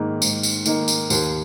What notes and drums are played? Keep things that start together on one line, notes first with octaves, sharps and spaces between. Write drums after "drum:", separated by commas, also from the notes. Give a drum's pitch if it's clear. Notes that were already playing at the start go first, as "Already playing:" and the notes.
Already playing: G#2 D#3 A#3 D#4
G#2, drum: tambourine
drum: tambourine
D#3 A#3 D#4, drum: tambourine
drum: tambourine
D#2, drum: tambourine